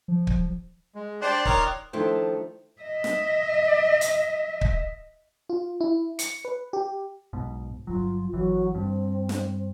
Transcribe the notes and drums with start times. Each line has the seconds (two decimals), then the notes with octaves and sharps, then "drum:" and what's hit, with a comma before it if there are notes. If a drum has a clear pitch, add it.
0.08 F3
0.27 drum: kick
0.95 G#3
1.22 D4 G4 C5 D5 C6 F#6
1.45 D#3 A#4 C#5, drum: kick
1.93 D#3 F3 A3 D4 E4 C5
2.82 D#5 E5
3.04 drum: snare
4.01 drum: hi-hat
4.61 drum: kick
5.49 F4
5.81 E4
6.19 C#7, drum: hi-hat
6.45 B4
6.73 G4
7.33 B1 G#2 B2
7.87 G1 C#2 F#3 F4
8.33 G#1 E3 F#3
8.75 G2 C4
9.29 drum: snare